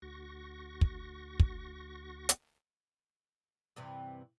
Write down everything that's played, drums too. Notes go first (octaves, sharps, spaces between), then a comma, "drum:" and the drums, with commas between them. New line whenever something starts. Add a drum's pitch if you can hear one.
D2 F#4 C#6 A#6
drum: kick
drum: kick
drum: hi-hat
G2 C3 E3